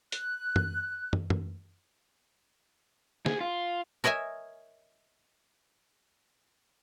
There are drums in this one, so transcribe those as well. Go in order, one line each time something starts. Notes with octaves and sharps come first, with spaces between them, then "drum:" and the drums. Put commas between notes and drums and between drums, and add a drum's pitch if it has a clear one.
F#6, drum: hi-hat
drum: tom
drum: tom
drum: tom
G#4, drum: snare
F4
A#4 C#5 D#5 E5 G#5